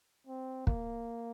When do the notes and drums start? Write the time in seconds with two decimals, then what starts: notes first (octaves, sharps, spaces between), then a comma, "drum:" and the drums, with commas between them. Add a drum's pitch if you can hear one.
0.27 C4
0.67 A#3, drum: kick